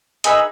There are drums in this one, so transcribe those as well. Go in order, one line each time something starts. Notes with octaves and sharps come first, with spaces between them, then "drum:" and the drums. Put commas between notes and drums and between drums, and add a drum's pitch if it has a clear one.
D#4 G#4 B4 E5, drum: hi-hat